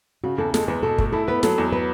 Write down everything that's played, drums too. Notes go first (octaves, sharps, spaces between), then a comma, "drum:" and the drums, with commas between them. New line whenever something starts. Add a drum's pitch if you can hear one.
C#3 F#4
E2 A4
G#3 A4, drum: snare
E2 B4
B2 A4
A3, drum: kick
E4 A4
B3 B4
F#3 A4, drum: snare
E2
B4